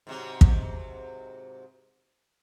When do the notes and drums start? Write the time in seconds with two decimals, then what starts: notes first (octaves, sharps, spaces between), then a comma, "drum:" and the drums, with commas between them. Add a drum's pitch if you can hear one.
0.07 G#2 C3 F#3
0.41 drum: kick